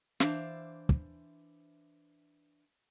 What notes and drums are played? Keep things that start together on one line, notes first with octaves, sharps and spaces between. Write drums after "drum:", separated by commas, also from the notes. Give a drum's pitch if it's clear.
E3 D4 C5 F5, drum: snare
drum: kick